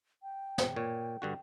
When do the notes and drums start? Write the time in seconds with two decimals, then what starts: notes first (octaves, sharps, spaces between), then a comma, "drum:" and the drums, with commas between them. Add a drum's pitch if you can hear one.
0.23 G5
0.58 drum: snare
0.76 A#2 C#5
1.22 G2 D3 F#4